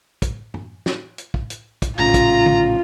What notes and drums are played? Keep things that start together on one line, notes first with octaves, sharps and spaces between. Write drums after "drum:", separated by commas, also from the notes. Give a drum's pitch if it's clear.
drum: kick, hi-hat
drum: tom
drum: snare
drum: hi-hat
drum: kick
drum: hi-hat
drum: kick, hi-hat
A#1 A2 C#3 F4 A#5
drum: kick, hi-hat
drum: tom